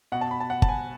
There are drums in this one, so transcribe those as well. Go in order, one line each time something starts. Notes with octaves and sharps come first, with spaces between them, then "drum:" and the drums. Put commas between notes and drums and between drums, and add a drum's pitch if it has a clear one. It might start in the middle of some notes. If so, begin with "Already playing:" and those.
B2 F#5
A5
B5
A5
F#5
A5, drum: kick G1
G#5